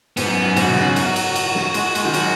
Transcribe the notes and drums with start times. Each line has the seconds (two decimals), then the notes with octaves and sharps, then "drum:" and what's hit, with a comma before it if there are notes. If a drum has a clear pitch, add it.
0.17 G#2 B3, drum: cymbal
0.26 F#2
0.46 F#2
0.56 G#2 F#4, drum: cymbal
0.67 B2
0.76 C#3, drum: snare
0.86 F#3
0.96 drum: cymbal
1.16 drum: cymbal
1.36 drum: cymbal
1.55 drum: snare
1.74 G#3, drum: cymbal
1.95 G#3, drum: cymbal
2.05 D#3
2.14 F#3 F#4, drum: cymbal